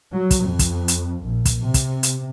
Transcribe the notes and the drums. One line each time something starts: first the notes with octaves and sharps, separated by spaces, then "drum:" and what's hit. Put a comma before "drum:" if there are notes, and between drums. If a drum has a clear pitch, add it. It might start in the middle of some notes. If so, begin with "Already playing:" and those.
F#3
drum: kick, hi-hat
F2
drum: kick, hi-hat
drum: hi-hat
A#1
drum: kick, hi-hat
C3
drum: kick, hi-hat
drum: hi-hat